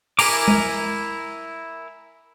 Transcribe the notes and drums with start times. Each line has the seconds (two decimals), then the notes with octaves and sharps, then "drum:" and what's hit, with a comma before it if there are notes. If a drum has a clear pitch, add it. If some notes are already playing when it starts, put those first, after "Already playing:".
0.19 E4 A#4 G#5 A#5 D6, drum: open hi-hat
0.48 drum: tom G#3